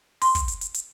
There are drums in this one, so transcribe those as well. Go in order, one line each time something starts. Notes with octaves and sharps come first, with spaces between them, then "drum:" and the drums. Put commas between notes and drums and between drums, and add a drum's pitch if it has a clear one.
C6, drum: open hi-hat
drum: kick, hi-hat
drum: hi-hat
drum: hi-hat
drum: hi-hat